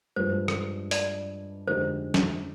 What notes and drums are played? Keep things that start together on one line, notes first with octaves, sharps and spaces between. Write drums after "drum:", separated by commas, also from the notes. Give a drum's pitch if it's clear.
G2 F3 G#3 C5
drum: rim click
D5, drum: open hi-hat
F2 D3 G#3 D#4 G4 C5
drum: snare